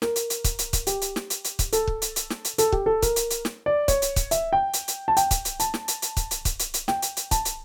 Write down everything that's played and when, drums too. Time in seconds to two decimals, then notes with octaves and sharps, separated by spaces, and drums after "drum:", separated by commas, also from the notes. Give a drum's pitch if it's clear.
0.02 A#4, drum: snare
0.16 drum: hi-hat
0.30 drum: hi-hat
0.44 drum: kick, hi-hat
0.59 drum: hi-hat
0.73 drum: kick, hi-hat
0.87 G4, drum: hi-hat
1.02 drum: hi-hat
1.16 drum: snare
1.30 drum: hi-hat
1.45 drum: hi-hat
1.59 drum: kick, hi-hat
1.73 A4, drum: hi-hat
1.87 drum: kick
2.02 drum: hi-hat
2.16 drum: hi-hat
2.30 drum: snare
2.45 drum: hi-hat
2.58 A4, drum: hi-hat
2.72 G4, drum: kick
2.86 A4
3.02 A#4, drum: kick, hi-hat
3.16 drum: hi-hat
3.31 drum: hi-hat
3.45 drum: snare
3.66 D5
3.88 C#5, drum: kick, hi-hat
4.02 drum: hi-hat
4.16 drum: kick, hi-hat
4.31 E5, drum: hi-hat
4.53 G5
4.74 drum: hi-hat
4.88 drum: hi-hat
5.08 A5
5.17 G5, drum: hi-hat
5.31 drum: kick, hi-hat
5.45 drum: hi-hat
5.60 A5, drum: hi-hat
5.74 drum: snare
5.88 drum: hi-hat
6.02 drum: hi-hat
6.17 drum: kick, hi-hat
6.31 drum: hi-hat
6.45 drum: kick, hi-hat
6.60 drum: hi-hat
6.74 drum: hi-hat
6.88 G5, drum: snare
7.02 drum: hi-hat
7.17 drum: hi-hat
7.31 A5, drum: kick, hi-hat
7.45 drum: hi-hat